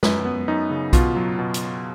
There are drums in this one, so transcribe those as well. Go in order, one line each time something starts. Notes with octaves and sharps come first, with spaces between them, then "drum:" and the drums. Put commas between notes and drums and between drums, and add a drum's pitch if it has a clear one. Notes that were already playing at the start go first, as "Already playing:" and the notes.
F#2 B4, drum: snare
B3
F#2 D#4
C#3
B2 F4, drum: kick B1, hi-hat
F#3
B2
drum: hi-hat